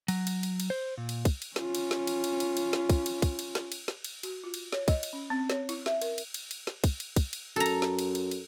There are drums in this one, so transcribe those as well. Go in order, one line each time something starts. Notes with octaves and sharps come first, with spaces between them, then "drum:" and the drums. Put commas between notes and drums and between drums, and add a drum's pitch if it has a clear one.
F#3, drum: cymbal
drum: cymbal
drum: cymbal
drum: cymbal
C5
A#2
drum: cymbal
drum: kick, cymbal
drum: cymbal
C#4 F4, drum: snare
drum: cymbal
drum: snare
drum: cymbal
drum: cymbal
drum: cymbal
drum: cymbal
drum: snare
drum: kick, cymbal
drum: cymbal
drum: kick, cymbal
drum: cymbal
drum: snare
drum: cymbal
drum: snare
drum: cymbal
F#4, drum: cymbal
F4
drum: cymbal
C#5, drum: snare
D#5, drum: kick, cymbal
drum: cymbal
C#4
C4
C#5, drum: snare
E4, drum: cymbal
E5, drum: snare
A#4, drum: cymbal
drum: cymbal
drum: cymbal
drum: cymbal
drum: snare
drum: kick, cymbal
drum: cymbal
drum: kick, cymbal
drum: cymbal
F#2 A4 A#5
drum: cymbal
drum: snare
drum: cymbal
drum: cymbal
drum: cymbal